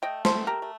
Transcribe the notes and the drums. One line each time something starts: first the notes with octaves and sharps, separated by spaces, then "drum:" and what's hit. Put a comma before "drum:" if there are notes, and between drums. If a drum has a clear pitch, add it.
A3 D#5 G5
A4 C5, drum: snare
A3
G4 A#4
A3